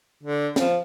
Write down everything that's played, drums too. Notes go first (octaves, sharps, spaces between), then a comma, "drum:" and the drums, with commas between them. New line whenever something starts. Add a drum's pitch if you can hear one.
D3
F3, drum: snare